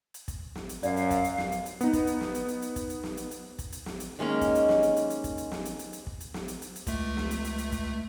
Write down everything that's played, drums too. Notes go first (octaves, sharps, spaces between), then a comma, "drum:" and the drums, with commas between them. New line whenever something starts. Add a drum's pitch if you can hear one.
drum: hi-hat
drum: kick, hi-hat
drum: snare
drum: hi-hat
F#2 D5 F5, drum: hi-hat
drum: hi-hat
drum: kick, hi-hat
drum: hi-hat
drum: snare
drum: hi-hat
drum: hi-hat
B3 D#4, drum: hi-hat
drum: kick, hi-hat
drum: hi-hat
drum: snare
drum: hi-hat
drum: hi-hat
drum: hi-hat
drum: kick, hi-hat
drum: hi-hat
drum: snare
drum: hi-hat
drum: hi-hat
drum: kick, hi-hat
drum: hi-hat
drum: snare
drum: hi-hat
D#3 G#3 A#3 C#4
drum: kick, hi-hat
drum: hi-hat
drum: snare
drum: hi-hat
drum: hi-hat
drum: hi-hat
drum: kick, hi-hat
drum: hi-hat
drum: snare
drum: hi-hat
drum: hi-hat
drum: hi-hat
drum: kick
drum: hi-hat
drum: snare
drum: hi-hat
drum: hi-hat
drum: hi-hat
C#2 A3, drum: kick, hi-hat
drum: snare
drum: hi-hat
drum: hi-hat
drum: hi-hat
drum: kick, hi-hat